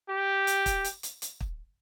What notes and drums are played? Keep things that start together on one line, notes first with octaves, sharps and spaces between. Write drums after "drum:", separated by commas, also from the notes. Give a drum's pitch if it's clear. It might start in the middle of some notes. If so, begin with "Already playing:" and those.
G4
drum: hi-hat
drum: kick, hi-hat
drum: hi-hat
drum: hi-hat
drum: hi-hat
drum: kick